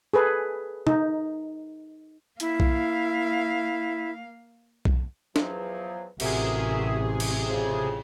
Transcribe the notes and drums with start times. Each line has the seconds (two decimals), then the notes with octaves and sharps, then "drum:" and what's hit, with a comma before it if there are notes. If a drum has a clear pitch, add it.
0.14 G#4 A4 B4
0.87 D#4, drum: tom
2.40 A#3 E4 F5, drum: hi-hat
2.60 drum: kick B1
4.85 drum: kick B1
5.36 E2 F3 F#3, drum: snare
6.20 A1 C3 F#4 G#4 A#4 E5, drum: cymbal
7.20 drum: cymbal
7.49 F2 C#3